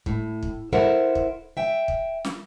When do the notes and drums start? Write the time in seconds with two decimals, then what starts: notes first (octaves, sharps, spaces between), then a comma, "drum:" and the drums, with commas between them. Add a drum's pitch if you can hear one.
0.06 A2, drum: kick
0.43 drum: kick
0.73 E4 A4 A#4 C5 E5 F#5
1.15 drum: kick
1.57 E5 G5
1.88 drum: kick
2.25 drum: snare